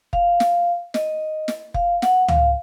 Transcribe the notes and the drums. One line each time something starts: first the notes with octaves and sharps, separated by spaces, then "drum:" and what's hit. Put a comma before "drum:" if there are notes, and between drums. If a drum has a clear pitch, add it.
F5, drum: kick F1
drum: snare
D#5, drum: snare
drum: snare
F5, drum: kick F1
F#5, drum: snare
F5, drum: tom C#2